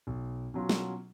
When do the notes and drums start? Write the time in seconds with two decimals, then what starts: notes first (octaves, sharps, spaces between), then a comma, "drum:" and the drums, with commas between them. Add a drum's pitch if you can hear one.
0.07 B1
0.54 B2 F#3 C#4 F4
0.69 drum: snare